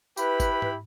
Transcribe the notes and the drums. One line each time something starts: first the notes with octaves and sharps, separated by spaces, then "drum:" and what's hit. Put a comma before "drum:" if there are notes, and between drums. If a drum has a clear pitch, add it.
E4 G4 B4 B5, drum: tambourine
drum: kick G#1, tambourine
drum: tom G#2